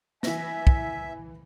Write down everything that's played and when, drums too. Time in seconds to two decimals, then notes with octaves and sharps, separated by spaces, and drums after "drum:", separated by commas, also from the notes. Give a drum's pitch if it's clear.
0.23 E3 E5 G#5 A#6, drum: snare
0.67 drum: kick